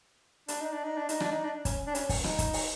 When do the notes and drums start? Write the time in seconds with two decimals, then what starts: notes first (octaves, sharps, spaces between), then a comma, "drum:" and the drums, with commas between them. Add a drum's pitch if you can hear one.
0.48 D4, drum: hi-hat
0.60 D#4
0.72 D4
0.84 D#4
0.97 D4
1.09 D#4, drum: hi-hat
1.20 D4, drum: rim click
1.32 D#4
1.44 D4
1.65 C#4, drum: kick, hi-hat
1.87 D4
1.95 C#4, drum: hi-hat
2.09 drum: kick, open hi-hat
2.24 D#4, drum: rim click
2.39 drum: kick, hi-hat
2.53 drum: open hi-hat